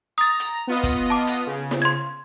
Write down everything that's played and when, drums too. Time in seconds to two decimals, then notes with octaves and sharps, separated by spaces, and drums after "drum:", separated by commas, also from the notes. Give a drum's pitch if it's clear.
0.18 A#5 D#6 A6
0.40 drum: hi-hat
0.67 B3 F4 D#5
0.83 drum: kick, hi-hat
1.10 A5 D6
1.27 drum: hi-hat
1.47 C#3
1.71 drum: snare
1.82 C6 G#6